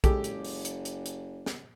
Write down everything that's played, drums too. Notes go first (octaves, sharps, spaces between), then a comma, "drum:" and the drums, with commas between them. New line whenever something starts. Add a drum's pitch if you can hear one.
F#1 G#3 G4 A4, drum: kick, hi-hat
drum: hi-hat
drum: open hi-hat
drum: hi-hat
drum: hi-hat
drum: hi-hat
drum: snare